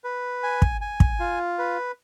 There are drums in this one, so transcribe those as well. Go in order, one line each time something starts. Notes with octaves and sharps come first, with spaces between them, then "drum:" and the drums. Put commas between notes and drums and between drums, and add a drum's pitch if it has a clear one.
B4
G#5
drum: kick
G#5
drum: kick
F4
B4